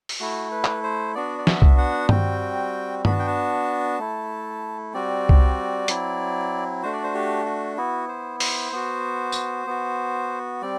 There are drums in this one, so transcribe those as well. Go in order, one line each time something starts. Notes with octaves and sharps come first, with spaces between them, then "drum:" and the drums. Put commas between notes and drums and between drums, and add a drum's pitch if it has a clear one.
drum: open hi-hat
A3 E4 F#4
B4
drum: clap
C5
B3 D4 F#4 D5
D5
E5, drum: snare
drum: kick C2
F#5
G3 C4 F#4 G5, drum: tom G2
B3 D4 F#4 B5, drum: tom G2
A5
G5
A5
A3 E4
G3 C4 F#4 D5
drum: kick C2
F#3 C4 E4, drum: hi-hat
A3 D4 F#4 C5
D5
C5
G4
F#4
B3 E4 F#4
C5
C5, drum: open hi-hat
B3 F#4
drum: tambourine
B3 F#4
G3 C4 D5